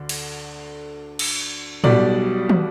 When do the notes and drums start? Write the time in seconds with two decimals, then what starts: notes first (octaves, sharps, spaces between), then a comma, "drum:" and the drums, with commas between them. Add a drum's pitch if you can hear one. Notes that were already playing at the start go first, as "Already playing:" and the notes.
Already playing: D2 D3 D4
0.09 drum: cymbal
1.19 drum: cymbal
1.84 B1 B2 G3 B3 D5, drum: tom A2
2.49 drum: tom